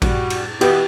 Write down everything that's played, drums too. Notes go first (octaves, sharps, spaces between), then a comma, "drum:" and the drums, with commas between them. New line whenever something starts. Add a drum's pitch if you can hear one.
G3 F#4, drum: kick A1, cymbal
drum: cymbal
B2 E3 B3 G4, drum: cymbal